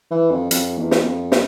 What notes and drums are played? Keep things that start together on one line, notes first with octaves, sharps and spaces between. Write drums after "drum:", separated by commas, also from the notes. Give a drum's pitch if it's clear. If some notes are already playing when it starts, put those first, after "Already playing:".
E3
F2
F2, drum: hi-hat
E2
drum: snare
F2
drum: snare